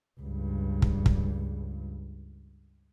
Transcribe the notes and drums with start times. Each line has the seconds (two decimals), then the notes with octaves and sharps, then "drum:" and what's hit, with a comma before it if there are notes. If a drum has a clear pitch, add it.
0.20 C#2 G2
0.82 drum: kick
1.06 drum: kick